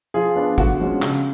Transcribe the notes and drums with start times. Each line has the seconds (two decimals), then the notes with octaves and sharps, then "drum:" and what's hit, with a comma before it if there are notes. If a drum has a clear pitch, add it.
0.14 F3 F4 G#4
0.36 B3 D4
0.58 D3 F#4, drum: kick
0.80 F3 G#3 C#4
1.02 C#3, drum: clap